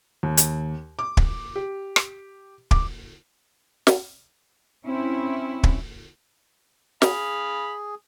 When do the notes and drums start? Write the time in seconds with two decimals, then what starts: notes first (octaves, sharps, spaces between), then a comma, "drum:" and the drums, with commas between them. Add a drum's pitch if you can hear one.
0.23 D#2
0.37 drum: hi-hat
0.99 D6
1.17 drum: kick
1.56 G4
1.96 drum: rim click
2.71 D6, drum: kick
3.87 drum: snare
4.85 C4 C#4 E4
5.63 drum: kick
7.02 G#4 F5 B5, drum: snare